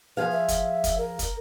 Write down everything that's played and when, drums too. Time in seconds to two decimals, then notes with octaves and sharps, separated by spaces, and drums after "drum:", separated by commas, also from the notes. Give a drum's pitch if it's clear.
0.17 F3 G#4 B4 F5
0.31 E5
0.48 drum: kick, hi-hat
0.84 drum: kick, hi-hat
0.98 A#4
1.19 drum: kick, hi-hat